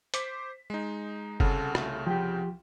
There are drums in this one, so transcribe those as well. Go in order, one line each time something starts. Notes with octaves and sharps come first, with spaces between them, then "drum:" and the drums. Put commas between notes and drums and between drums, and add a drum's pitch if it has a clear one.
C5 D6 B6, drum: hi-hat
G#3 D#4
C2 C#3 A4 F#5, drum: kick F#1
A3, drum: rim click
F3 G4 G5